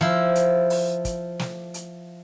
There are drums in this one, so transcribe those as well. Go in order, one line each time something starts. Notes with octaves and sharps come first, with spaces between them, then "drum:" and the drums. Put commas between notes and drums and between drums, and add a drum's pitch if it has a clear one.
F3 E4
drum: hi-hat
drum: open hi-hat
drum: kick, hi-hat
drum: snare
drum: hi-hat